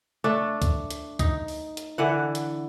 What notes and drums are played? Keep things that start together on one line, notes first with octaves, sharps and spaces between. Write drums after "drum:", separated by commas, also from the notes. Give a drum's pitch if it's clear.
A3 D4 A4
drum: kick C#2, hi-hat
drum: hi-hat
D#4, drum: kick C#2, hi-hat
drum: open hi-hat
drum: hi-hat
D3 E3 F#5
drum: hi-hat